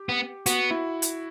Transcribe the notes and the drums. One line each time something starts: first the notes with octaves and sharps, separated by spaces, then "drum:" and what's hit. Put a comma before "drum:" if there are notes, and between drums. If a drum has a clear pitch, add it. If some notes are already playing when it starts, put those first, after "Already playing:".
Already playing: G4
B3
B3 F#4, drum: hi-hat
E4
drum: hi-hat